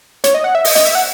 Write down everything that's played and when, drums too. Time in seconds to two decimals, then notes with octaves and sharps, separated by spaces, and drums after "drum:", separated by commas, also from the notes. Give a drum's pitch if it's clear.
0.24 C#5, drum: hi-hat
0.34 D#5
0.44 F#5
0.55 E5
0.65 D#5, drum: open hi-hat
0.75 D#5, drum: hi-hat
0.85 E5
0.95 F#5